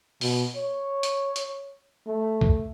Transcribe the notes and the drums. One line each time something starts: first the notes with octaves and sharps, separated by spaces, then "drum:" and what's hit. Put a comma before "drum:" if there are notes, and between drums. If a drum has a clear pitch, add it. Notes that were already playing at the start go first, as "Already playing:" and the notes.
B2, drum: open hi-hat
C#5
drum: hi-hat
drum: hi-hat
A3
drum: kick C2